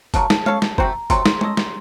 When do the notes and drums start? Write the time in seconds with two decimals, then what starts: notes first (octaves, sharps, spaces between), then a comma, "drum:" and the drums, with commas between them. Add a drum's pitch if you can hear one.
0.14 C#3 F#3 A#3 A5, drum: kick, hi-hat
0.30 drum: snare
0.46 C#4 A4 C#5 F5, drum: tom G#3
0.62 drum: snare
0.78 A3 C4 F#4 C5 A#5, drum: kick
1.10 C3 F#3 A3 C6, drum: kick, hi-hat
1.26 drum: snare
1.41 C#4 A4 D#5, drum: tom G#3
1.57 drum: snare